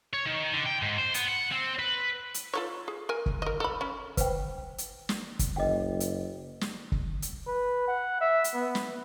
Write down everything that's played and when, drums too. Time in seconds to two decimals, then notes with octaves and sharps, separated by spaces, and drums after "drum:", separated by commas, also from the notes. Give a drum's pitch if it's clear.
0.13 C#5
0.26 D#3
0.53 D3
0.66 G5
0.82 G#2
0.98 C5
1.14 B3, drum: hi-hat
1.28 F#5
1.52 C4
1.79 B4
2.34 drum: hi-hat
2.53 F4 A4 C#5
2.88 G#4
3.09 A#4 G#5
3.26 drum: kick
3.42 A#4 D#5
3.60 A4 B5
3.81 C#4
4.17 B4 C5 G5, drum: kick, hi-hat
4.78 drum: hi-hat
5.09 drum: snare
5.39 drum: kick, hi-hat
5.56 F#1 D#5 G5
6.00 drum: hi-hat
6.61 drum: snare
6.92 drum: kick
7.22 drum: hi-hat
7.47 B4
7.88 F#5
8.21 E5
8.44 drum: hi-hat
8.54 B3
8.75 drum: snare